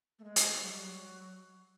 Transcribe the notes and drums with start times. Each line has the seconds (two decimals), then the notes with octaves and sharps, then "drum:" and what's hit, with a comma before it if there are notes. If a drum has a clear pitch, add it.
0.19 A3
0.24 G#3
0.36 drum: hi-hat
0.61 F#3
0.72 G3
0.84 F#3